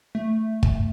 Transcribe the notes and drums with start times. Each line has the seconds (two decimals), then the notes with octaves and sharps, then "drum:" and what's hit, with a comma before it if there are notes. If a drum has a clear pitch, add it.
0.15 A3
0.63 drum: kick